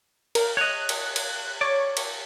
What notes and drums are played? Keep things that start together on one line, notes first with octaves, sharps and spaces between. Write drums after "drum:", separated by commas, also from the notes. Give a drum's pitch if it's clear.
A#4, drum: cymbal
C#5 D#5 F#6
drum: cymbal
drum: cymbal
C#5 D5
drum: cymbal